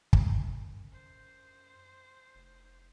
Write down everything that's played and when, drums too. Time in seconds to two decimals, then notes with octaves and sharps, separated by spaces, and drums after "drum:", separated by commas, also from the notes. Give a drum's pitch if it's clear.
0.13 F#2, drum: kick
0.92 C5
2.35 F1